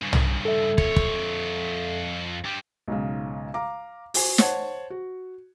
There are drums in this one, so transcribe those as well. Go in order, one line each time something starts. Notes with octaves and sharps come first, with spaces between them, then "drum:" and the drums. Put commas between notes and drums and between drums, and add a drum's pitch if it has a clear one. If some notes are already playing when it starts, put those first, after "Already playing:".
G2 C#3
drum: tom
A4 E5
F2 C#5, drum: kick
drum: kick
G2 G3
B1 G#2 C#3
F5 A#5 D6
F#4 C5 G#5, drum: open hi-hat
C5 C#5 F#5 A5, drum: snare
F#4